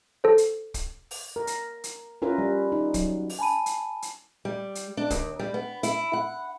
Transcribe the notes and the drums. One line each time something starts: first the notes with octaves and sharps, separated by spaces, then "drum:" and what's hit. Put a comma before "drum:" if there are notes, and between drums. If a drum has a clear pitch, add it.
A4 C5
drum: hi-hat
drum: kick, hi-hat
drum: open hi-hat
A#4
drum: hi-hat
drum: hi-hat
C#4 E4 F4 A#4 B4
G3
D#4
F#3, drum: kick, hi-hat
drum: open hi-hat
G#5 A5 B5 D#7
drum: hi-hat
drum: hi-hat
G3
drum: hi-hat
D4
D#2, drum: kick, hi-hat
G3
B3
E4, drum: hi-hat
F#5